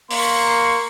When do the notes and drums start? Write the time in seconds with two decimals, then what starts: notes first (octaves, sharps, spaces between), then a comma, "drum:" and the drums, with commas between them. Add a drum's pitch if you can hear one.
0.11 A#3 C6 C#6, drum: open hi-hat